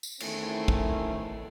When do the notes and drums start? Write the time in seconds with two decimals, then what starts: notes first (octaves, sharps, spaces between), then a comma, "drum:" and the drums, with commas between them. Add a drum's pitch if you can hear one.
0.03 drum: tambourine
0.20 E2 D#3 A3 C4 C#4 E4, drum: cymbal
0.68 drum: kick